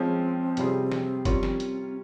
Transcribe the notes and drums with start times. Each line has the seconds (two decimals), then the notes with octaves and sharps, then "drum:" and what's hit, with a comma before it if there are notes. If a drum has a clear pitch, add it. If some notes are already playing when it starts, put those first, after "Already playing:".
Already playing: F3 G#3 C4 C#4
0.57 C3 G3 C#4 F4 G#4, drum: hi-hat
0.92 drum: snare
1.25 G3 C#4 F4 A#4 C#5, drum: kick, hi-hat
1.43 drum: snare
1.60 drum: hi-hat